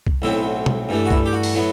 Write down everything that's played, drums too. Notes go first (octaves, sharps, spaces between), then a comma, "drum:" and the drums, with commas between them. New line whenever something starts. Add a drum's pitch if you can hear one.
drum: kick C2
B1 A2 F#3 C4 E4
drum: tom
G2 E3 A3
F#4
E4, drum: kick C2
G4
F#4
drum: open hi-hat
A2 F#3 B3